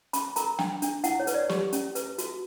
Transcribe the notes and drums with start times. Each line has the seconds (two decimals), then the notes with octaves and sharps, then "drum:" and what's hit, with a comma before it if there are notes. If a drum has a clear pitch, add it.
0.13 C#4 B5, drum: hi-hat
0.36 A#4 A#5, drum: hi-hat
0.59 D4 G5, drum: snare
0.82 D4, drum: hi-hat
1.04 E4 F#5, drum: hi-hat
1.20 C#5
1.27 B4, drum: hi-hat
1.34 D5
1.49 G4, drum: snare
1.72 C#4, drum: hi-hat
1.95 B4, drum: hi-hat
2.18 F#4, drum: hi-hat